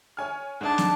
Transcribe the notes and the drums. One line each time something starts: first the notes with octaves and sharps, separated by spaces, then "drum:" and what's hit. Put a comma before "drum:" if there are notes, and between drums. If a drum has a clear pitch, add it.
C#5 G#5 F6
G#2 D4 D#4 A5
drum: snare